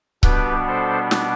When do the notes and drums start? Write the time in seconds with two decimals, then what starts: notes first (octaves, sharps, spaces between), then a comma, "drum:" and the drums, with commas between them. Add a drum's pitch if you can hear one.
0.23 B2 G3 B3 D4 G4 B4, drum: kick C#1
0.68 A4 C5
1.11 drum: snare